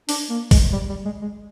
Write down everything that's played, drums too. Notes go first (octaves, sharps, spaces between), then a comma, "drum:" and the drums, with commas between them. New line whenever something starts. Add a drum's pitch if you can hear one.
D4, drum: open hi-hat
A#3
G#3, drum: kick, open hi-hat
G3
G3
G#3
G#3